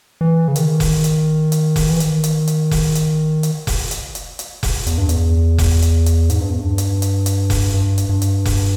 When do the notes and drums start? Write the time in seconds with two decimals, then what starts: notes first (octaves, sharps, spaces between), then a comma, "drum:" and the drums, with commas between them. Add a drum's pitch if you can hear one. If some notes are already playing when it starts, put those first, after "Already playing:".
0.21 E3
0.48 C#3
0.56 D#3, drum: hi-hat
0.80 drum: kick F1, open hi-hat
1.04 drum: hi-hat
1.52 drum: hi-hat
1.76 drum: kick F1, open hi-hat
1.90 E3
2.00 D#3, drum: hi-hat
2.24 drum: hi-hat
2.47 drum: hi-hat
2.71 drum: kick F1, open hi-hat
2.95 drum: hi-hat
3.43 drum: hi-hat
3.67 drum: kick F1, open hi-hat
3.91 drum: hi-hat
4.15 drum: hi-hat
4.39 drum: hi-hat
4.63 drum: kick F1, open hi-hat
4.87 E2, drum: hi-hat
4.98 G2
5.09 E2, drum: hi-hat
5.58 drum: kick F1, open hi-hat
5.82 drum: hi-hat
6.06 drum: hi-hat
6.30 G#2, drum: hi-hat
6.40 G2
6.50 E2
6.61 G2
6.78 drum: hi-hat
7.02 drum: hi-hat
7.26 drum: hi-hat
7.50 drum: kick F1, open hi-hat
7.74 G2
7.98 drum: hi-hat
8.09 G2
8.22 drum: hi-hat
8.45 drum: kick F1, open hi-hat